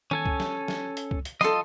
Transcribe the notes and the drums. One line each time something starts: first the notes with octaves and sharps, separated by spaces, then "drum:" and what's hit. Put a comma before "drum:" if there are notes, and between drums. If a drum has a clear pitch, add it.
C#4 A4 G#5, drum: tom
drum: kick C2
drum: snare
drum: snare
drum: hi-hat
drum: kick C2
drum: hi-hat
F4 A4 D#5 C6, drum: snare